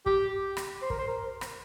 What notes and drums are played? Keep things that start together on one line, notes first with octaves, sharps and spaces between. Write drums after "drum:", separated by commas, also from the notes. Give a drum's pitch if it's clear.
G4, drum: kick
drum: rim click
C5
A#4, drum: kick
C5
A#4
drum: rim click